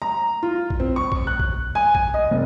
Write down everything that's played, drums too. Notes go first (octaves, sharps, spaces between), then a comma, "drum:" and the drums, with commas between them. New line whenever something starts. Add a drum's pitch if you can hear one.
A#5
F4
drum: kick A#1
C4
C#6
drum: kick A#1
F#6
drum: kick A#1
G#5
drum: kick A#1
D#5
F1